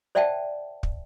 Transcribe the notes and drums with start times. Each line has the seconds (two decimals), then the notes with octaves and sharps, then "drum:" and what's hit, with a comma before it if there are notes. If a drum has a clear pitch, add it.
0.15 C5 D5 E5 F#5 G5 A5
0.83 drum: kick